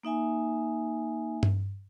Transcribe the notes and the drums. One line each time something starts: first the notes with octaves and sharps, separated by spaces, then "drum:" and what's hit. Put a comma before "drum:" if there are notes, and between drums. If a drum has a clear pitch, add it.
A#3 D#4 E5 G#5
drum: tom G2